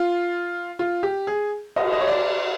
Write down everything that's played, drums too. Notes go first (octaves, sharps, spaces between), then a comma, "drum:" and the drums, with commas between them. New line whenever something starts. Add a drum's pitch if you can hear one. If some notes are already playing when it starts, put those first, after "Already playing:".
Already playing: F4
F4
G4
G#4
D#5, drum: cymbal
D#5
C#5
D5